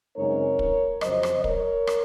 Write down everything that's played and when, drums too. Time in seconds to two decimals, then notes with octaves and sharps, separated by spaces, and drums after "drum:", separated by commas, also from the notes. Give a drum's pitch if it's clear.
0.16 F#2 C#3 G#3 C4 D#4 A#4 C#5
0.59 drum: kick
1.01 F2 C#3 F#3 C5 D#5, drum: rim click
1.23 drum: rim click
1.44 A#4 C#5, drum: kick
1.87 drum: rim click